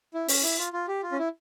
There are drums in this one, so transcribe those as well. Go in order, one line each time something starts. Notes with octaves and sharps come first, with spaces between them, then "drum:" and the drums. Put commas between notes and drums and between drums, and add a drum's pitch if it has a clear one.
E4
C#4, drum: open hi-hat
E4
F4
F4
G4
F4
C#4
E4